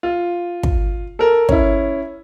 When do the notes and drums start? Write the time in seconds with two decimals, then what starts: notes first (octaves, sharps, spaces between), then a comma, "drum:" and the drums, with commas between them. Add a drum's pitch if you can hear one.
0.03 F4
0.63 drum: kick
1.19 A4 A#4
1.49 C#4 E4, drum: kick